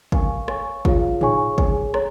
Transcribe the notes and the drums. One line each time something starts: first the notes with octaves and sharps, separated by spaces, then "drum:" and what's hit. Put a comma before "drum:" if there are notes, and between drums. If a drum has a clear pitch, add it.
A#4 F5 G#5 C#6, drum: kick
C#5 G#5 C#6, drum: rim click
F4 G#4 C#5 F5, drum: kick
D#4 G#4 C#5 G#5 C#6, drum: tom A2
G#4 C#5 G#5, drum: kick
C#5 A#5, drum: rim click